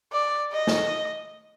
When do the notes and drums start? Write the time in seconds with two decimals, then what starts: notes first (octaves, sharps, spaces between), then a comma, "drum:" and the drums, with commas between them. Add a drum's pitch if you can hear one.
0.12 D5
0.53 D#5
0.67 drum: snare